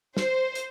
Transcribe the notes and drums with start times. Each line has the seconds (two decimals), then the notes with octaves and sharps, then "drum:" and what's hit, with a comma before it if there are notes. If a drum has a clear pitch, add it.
0.17 C5, drum: snare
0.55 drum: hi-hat